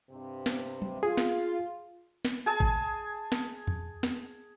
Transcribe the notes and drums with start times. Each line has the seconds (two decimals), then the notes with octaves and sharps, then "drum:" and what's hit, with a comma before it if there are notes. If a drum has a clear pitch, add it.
0.10 G2 C3
0.46 drum: snare
0.82 drum: tom
1.03 F4 G#4
1.17 drum: snare
2.25 drum: snare
2.46 G#4 G#5 A5
2.60 drum: kick G#1
3.32 drum: snare
3.67 drum: tom E2
4.03 drum: snare